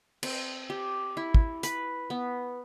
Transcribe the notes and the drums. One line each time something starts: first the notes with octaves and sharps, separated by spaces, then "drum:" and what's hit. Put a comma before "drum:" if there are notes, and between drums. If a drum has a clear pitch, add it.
C4, drum: cymbal
G4
E4
drum: kick
B4, drum: hi-hat
B3